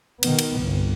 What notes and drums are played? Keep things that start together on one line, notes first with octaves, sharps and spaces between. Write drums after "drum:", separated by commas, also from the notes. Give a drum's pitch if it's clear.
B2 D#3 B3, drum: cymbal
drum: cymbal
G1 C2